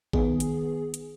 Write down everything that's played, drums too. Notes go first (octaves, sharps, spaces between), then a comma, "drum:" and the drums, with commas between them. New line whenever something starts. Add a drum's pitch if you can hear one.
D#3 B3 G#4, drum: kick G#1
drum: hi-hat
drum: hi-hat